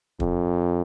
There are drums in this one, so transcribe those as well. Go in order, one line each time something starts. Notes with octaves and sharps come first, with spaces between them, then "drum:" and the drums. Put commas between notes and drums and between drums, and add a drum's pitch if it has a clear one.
F2, drum: kick